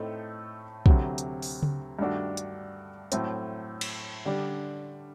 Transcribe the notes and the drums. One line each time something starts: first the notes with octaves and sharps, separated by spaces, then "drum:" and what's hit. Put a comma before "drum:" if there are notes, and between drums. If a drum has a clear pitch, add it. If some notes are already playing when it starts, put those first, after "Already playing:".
Already playing: A2 A3 C4 D#4 A4
D2 C3 F#3, drum: kick
drum: hi-hat
drum: open hi-hat
drum: tom C#3
G2 D#3 A3 D4 F#4
drum: hi-hat
A2 F#3 A3 C4, drum: hi-hat
drum: cymbal
D3 G3 D4